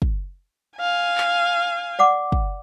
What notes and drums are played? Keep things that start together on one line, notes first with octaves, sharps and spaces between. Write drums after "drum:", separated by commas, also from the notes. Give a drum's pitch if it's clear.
drum: kick
F5 G#5
drum: clap
D5 F#5 D6
drum: kick